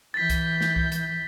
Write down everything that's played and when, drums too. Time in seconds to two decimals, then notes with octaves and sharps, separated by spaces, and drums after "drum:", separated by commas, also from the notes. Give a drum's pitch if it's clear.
0.14 E3 G6 A6 B6
0.30 drum: kick C2, hi-hat
0.61 drum: snare
0.76 drum: kick C2
0.92 drum: hi-hat